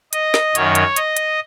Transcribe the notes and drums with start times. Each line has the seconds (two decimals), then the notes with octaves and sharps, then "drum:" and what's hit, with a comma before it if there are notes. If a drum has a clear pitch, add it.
0.13 D#5, drum: hi-hat
0.34 drum: snare
0.55 F#2 D#3 F#3 C#5, drum: hi-hat
0.75 drum: hi-hat
0.96 D#5, drum: hi-hat
1.16 drum: hi-hat